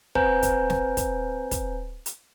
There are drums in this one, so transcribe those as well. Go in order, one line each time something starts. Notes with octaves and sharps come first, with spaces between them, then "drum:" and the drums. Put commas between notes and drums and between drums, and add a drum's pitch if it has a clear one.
C4 B4 C5 G#5 A#5 G6, drum: kick
drum: kick, hi-hat
drum: snare
drum: kick, hi-hat
drum: kick, hi-hat
drum: hi-hat